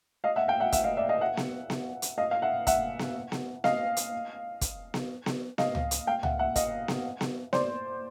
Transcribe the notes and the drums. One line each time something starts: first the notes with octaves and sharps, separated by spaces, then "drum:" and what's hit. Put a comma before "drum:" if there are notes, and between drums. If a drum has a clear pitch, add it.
D#5 F5
E5 F#5
F5 G5
E5 F#5
E5 F#5, drum: kick, hi-hat
D#5 F5
D5 E5
D#5 F5
E5 F#5
drum: snare B3
drum: snare B3
drum: hi-hat
D#5 F5
F5
E5 F#5
E5 F#5, drum: kick, hi-hat
drum: snare B3
drum: snare B3
D#5 F5, drum: snare B3
drum: hi-hat
drum: kick, hi-hat
drum: snare B3
drum: snare B3
D#5 F5, drum: snare B3
drum: tom C#2
drum: hi-hat
F5 G5
E5 F#5, drum: tom C#2
E5 F#5
D#5 F5, drum: kick, hi-hat
drum: snare B3
drum: snare B3
C5 D5, drum: snare B3